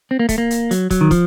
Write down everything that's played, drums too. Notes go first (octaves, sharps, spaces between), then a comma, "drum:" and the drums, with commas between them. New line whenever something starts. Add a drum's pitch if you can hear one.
C4
A#3
A3, drum: kick, hi-hat
A#3
drum: hi-hat
F#3, drum: hi-hat
F#3, drum: kick, hi-hat
D#3
F3, drum: kick, hi-hat